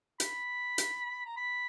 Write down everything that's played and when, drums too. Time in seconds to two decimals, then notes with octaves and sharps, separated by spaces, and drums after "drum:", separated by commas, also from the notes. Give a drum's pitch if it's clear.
0.20 B5, drum: hi-hat
0.78 drum: hi-hat
1.26 A#5
1.36 B5